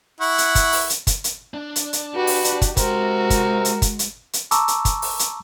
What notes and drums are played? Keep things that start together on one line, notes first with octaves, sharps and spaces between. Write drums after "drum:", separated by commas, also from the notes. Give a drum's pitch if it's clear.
E4 F#5 C#6
drum: hi-hat
drum: kick, hi-hat
drum: open hi-hat
drum: hi-hat
drum: kick, hi-hat
drum: hi-hat
D4
drum: hi-hat
drum: hi-hat
F#4 G4 B4
drum: open hi-hat
drum: hi-hat
drum: kick, hi-hat
G#3 F#4 G4 A#4 C5, drum: kick, hi-hat
drum: kick, hi-hat
drum: hi-hat
drum: kick, hi-hat
drum: hi-hat
drum: hi-hat
A5 A#5 C#6 D6 E6, drum: hi-hat
drum: hi-hat
drum: kick, hi-hat
drum: open hi-hat
drum: hi-hat